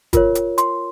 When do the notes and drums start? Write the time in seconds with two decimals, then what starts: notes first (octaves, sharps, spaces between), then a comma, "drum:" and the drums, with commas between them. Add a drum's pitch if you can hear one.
0.13 F4 A#4 C#5, drum: kick, hi-hat
0.35 drum: hi-hat
0.58 C6, drum: hi-hat